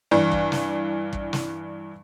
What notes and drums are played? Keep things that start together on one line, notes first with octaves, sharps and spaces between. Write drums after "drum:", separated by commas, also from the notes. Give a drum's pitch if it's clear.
G2 E3 D4
drum: kick
drum: snare
drum: kick
drum: snare